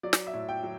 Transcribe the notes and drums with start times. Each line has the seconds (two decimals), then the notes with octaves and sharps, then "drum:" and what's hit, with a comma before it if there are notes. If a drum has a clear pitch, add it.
0.03 F#3 D5
0.13 drum: snare
0.27 E5
0.33 A2
0.49 G5
0.63 F#3